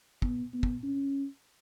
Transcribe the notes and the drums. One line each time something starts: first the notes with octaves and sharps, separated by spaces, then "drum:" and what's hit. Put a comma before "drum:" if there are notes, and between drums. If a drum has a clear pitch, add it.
B3, drum: kick
B3
drum: kick
C#4